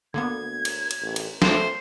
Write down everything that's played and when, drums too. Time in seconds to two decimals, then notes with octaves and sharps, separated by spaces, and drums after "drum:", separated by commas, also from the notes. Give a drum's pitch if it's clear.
0.14 D2 D3 A#3 B3 G#6
0.65 drum: cymbal
0.91 drum: cymbal
1.01 A1
1.16 drum: cymbal
1.42 A3 C5 F5, drum: snare